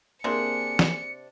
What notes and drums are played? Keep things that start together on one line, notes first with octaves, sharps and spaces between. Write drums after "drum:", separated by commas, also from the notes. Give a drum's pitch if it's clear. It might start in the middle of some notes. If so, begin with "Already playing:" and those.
C3 A#3 C4 D4 G#4 C#7
drum: snare